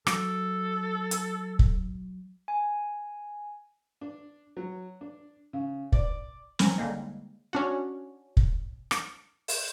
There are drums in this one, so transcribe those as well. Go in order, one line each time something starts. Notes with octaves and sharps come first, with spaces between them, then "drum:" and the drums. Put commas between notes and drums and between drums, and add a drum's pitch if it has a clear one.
F#3 A4, drum: rim click
drum: hi-hat
drum: kick
G#5
D4
F#3
D4
C#3
D5, drum: kick
C4 C#4 A#4, drum: snare
D3 G3 G#3 A#3 D#4
C#4 D4 F#4
drum: kick
drum: rim click
drum: open hi-hat